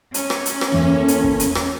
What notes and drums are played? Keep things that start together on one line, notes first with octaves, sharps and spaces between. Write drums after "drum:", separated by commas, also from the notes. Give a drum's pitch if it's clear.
C#4, drum: hi-hat
drum: rim click
drum: hi-hat
drum: rim click
E2 A#3 A4
drum: hi-hat
drum: kick
drum: hi-hat
drum: rim click